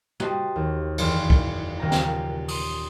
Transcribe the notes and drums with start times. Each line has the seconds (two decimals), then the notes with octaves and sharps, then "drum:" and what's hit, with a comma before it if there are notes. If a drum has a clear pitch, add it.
0.20 F#4 G4 C5 D#5 A5, drum: tom
0.56 D#2
0.98 F#1 E2 F5 C6 E7, drum: cymbal
1.30 drum: kick
1.79 D#1 C#3 G5 A#5
1.92 drum: snare
2.48 C6 D#6, drum: open hi-hat